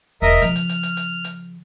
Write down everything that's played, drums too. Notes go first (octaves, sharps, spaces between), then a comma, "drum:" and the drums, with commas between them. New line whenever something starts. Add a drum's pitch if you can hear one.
E1 A#4 D#5 E5
C#3 F3 F6, drum: hi-hat
drum: hi-hat
drum: hi-hat
drum: hi-hat
drum: hi-hat
drum: hi-hat